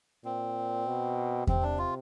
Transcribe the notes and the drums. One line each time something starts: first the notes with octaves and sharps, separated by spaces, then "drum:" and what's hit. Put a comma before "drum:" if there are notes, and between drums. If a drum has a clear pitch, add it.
A#2 C4
B2
C3 C4, drum: kick E2
D4
F4